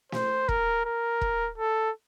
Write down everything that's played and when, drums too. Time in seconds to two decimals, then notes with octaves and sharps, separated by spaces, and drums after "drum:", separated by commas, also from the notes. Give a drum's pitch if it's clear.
0.12 C5, drum: snare
0.49 A#4, drum: kick
0.85 A#4
1.21 drum: kick
1.58 A4